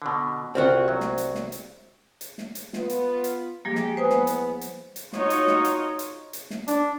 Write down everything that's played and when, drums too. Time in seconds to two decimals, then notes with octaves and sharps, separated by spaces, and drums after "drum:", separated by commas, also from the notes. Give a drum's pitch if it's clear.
0.02 B2 D3
0.55 C2 C4 F4 F#4
0.88 C2 F#3
1.00 drum: snare
1.18 drum: hi-hat
1.35 drum: snare
1.52 drum: hi-hat
2.21 drum: hi-hat
2.38 drum: snare
2.55 drum: hi-hat
2.73 B3 F4, drum: snare
2.90 drum: hi-hat
3.24 drum: hi-hat
3.65 F3 G3 G#3 A#3 G4
3.75 drum: snare
3.97 E2 B3 B4 C5 G#5 D#6
4.10 drum: snare
4.27 drum: hi-hat
4.61 drum: hi-hat
4.96 drum: hi-hat
5.13 D#4 F4 F#4 C#5 D#5, drum: snare
5.30 drum: hi-hat
5.47 drum: snare
5.64 drum: hi-hat
5.99 drum: hi-hat
6.33 drum: hi-hat
6.50 drum: snare
6.68 D4, drum: hi-hat